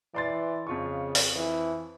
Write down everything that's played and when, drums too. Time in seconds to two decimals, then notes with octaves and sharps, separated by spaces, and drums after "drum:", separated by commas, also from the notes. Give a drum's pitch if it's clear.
0.14 E3 D5 C6 A6
0.67 F2 C#3 F4 C#6
1.15 drum: open hi-hat
1.36 E3